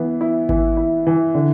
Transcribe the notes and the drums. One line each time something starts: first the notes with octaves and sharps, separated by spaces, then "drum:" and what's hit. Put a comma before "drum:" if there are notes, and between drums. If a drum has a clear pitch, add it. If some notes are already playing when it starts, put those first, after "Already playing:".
Already playing: E3 B3
E4
E3, drum: kick G#1
E4
E3
D3